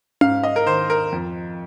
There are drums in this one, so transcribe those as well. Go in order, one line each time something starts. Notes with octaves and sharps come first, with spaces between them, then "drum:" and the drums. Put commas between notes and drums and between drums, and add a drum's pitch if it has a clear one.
G#2 F5, drum: tom C#4
D#5
A#4
D#3 C5
A#4
F2